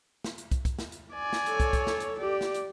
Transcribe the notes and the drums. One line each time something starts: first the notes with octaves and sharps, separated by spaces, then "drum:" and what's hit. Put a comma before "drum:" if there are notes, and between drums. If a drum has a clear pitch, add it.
drum: snare
drum: hi-hat
drum: kick, hi-hat
drum: kick, hi-hat
drum: snare
drum: hi-hat
D5 G#5
drum: snare
A4 C#5, drum: hi-hat
drum: kick, hi-hat
drum: kick, hi-hat
drum: snare
drum: hi-hat
G4 D5
drum: snare
drum: hi-hat